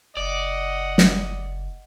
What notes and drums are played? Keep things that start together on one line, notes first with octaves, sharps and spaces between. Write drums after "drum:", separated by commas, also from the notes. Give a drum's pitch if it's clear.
F#1 D5 D#5 F#5
drum: snare